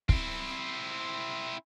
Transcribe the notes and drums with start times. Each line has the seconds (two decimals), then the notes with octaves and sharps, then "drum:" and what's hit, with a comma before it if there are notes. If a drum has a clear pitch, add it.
0.09 C4 E4, drum: kick